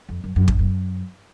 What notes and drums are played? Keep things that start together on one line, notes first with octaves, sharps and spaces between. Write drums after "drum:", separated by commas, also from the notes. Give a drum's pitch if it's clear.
F2
F#2
F#2
G2, drum: kick
F#2